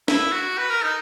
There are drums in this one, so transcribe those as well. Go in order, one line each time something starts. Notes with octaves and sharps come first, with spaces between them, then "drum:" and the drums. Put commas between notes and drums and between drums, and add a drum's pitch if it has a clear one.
E4, drum: snare
F#4
B4
A#4
D#4